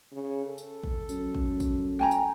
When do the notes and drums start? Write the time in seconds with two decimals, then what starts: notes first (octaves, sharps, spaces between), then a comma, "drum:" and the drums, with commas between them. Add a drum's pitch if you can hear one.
0.12 C#3
0.45 A4
0.58 drum: tambourine
0.83 drum: kick
1.09 F#2, drum: tambourine
1.35 drum: kick
1.60 drum: kick, tambourine
1.99 G5 G#5 A#5
2.11 drum: tambourine